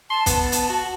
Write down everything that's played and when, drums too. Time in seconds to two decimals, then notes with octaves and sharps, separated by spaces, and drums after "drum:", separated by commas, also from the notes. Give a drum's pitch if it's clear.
0.10 A5 C6
0.26 B3, drum: kick, hi-hat
0.52 drum: hi-hat
0.69 F#4